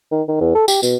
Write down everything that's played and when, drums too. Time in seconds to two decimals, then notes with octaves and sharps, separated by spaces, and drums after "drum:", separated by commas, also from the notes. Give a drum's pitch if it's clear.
0.12 D#3
0.29 D#3
0.41 E2
0.55 A4
0.68 G4, drum: tambourine
0.83 B2, drum: tambourine